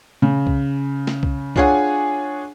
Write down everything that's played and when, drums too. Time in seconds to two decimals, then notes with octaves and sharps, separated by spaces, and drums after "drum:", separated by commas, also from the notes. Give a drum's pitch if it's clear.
0.22 C#3
0.47 drum: kick C2
1.07 drum: snare
1.23 drum: kick C2
1.56 D4 F4 G#4 C#5 F#5 G#5, drum: kick C2